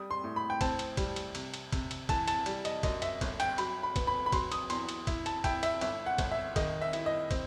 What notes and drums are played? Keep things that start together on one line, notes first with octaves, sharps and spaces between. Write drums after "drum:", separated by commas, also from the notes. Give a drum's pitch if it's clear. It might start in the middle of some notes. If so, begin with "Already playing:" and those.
Already playing: G3 D#6
C6
A2
B5
G5
C4 A5, drum: kick, cymbal
drum: cymbal
G3, drum: kick, cymbal
drum: cymbal
C3, drum: cymbal
drum: cymbal
C3, drum: kick, cymbal
drum: cymbal
E3 A5, drum: kick, cymbal
A5, drum: cymbal
G3, drum: cymbal
D#5, drum: cymbal
F#2 D#5, drum: kick, cymbal
E5, drum: cymbal
G1, drum: kick, cymbal
G5, drum: cymbal
F#3 B5, drum: cymbal
B5
B3, drum: kick, cymbal
B5
B5
F#3 C6, drum: kick, cymbal
D#6, drum: cymbal
E2 C6, drum: cymbal
drum: cymbal
E4, drum: kick, cymbal
A5, drum: cymbal
E4 G5, drum: kick, cymbal
E5, drum: cymbal
G1 E5, drum: cymbal
F#5
G1, drum: kick, cymbal
E5
D#3 D#5, drum: kick, cymbal
E5
E4, drum: cymbal
D#5
C4, drum: kick, cymbal